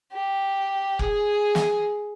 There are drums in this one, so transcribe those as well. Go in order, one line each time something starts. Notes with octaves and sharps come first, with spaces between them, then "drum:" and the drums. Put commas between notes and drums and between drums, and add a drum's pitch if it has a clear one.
G4
G#4, drum: kick F1
drum: snare